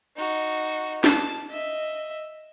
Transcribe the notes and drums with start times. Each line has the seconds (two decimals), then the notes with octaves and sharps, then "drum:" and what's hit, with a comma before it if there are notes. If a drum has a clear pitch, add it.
0.17 D#4 F#4
1.04 A5, drum: snare
1.50 D#5 E5